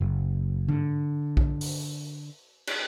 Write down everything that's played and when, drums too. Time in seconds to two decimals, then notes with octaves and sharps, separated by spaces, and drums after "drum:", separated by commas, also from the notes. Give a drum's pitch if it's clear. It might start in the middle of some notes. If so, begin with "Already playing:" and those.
0.01 F#1
0.68 D3, drum: tom G#2
1.37 drum: kick
1.61 drum: open hi-hat
2.67 drum: cymbal